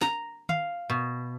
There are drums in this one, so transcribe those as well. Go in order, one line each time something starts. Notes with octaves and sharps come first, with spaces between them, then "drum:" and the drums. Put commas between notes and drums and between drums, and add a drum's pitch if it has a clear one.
A#5, drum: snare
F5, drum: tom
B2